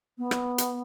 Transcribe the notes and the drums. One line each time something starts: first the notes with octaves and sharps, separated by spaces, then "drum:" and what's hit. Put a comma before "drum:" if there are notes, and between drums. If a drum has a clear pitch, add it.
B3
drum: rim click
drum: hi-hat